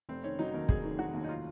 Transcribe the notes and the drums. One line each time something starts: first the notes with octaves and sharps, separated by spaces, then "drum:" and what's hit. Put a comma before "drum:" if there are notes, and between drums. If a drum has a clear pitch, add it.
F1 C4
D#3 C#4
F#3 D#4
D#2 A#4
F1 G#4, drum: kick
D#3
F#3 F#4
D#2
D#4
F4